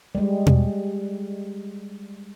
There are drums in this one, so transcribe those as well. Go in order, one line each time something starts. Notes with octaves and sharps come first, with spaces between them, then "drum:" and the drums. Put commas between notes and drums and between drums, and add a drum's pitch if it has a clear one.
G3 G#3
drum: tom